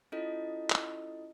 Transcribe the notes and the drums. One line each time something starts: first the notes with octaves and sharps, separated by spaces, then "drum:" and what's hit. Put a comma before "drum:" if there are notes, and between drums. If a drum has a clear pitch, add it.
C#4 E4 F4 A4 D#5
drum: clap